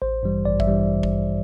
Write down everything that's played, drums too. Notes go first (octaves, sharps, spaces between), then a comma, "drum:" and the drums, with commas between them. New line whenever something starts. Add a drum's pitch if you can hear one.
A1 C5
G2 E3 G3
A1 D5
E5, drum: kick
G2 E3 G3
drum: kick